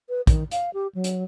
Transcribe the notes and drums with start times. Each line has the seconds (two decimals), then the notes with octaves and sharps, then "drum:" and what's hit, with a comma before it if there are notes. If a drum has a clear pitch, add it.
0.09 B4
0.27 D#3, drum: kick, hi-hat
0.51 F5, drum: hi-hat
0.74 G4
0.95 F#3
1.04 drum: hi-hat